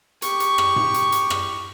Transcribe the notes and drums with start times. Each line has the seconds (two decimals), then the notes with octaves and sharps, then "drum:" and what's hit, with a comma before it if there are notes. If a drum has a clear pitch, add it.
0.22 G4 C#6, drum: hi-hat
0.40 drum: hi-hat
0.58 drum: rim click
0.76 drum: tom G#2
0.94 drum: hi-hat
1.12 drum: hi-hat
1.30 drum: rim click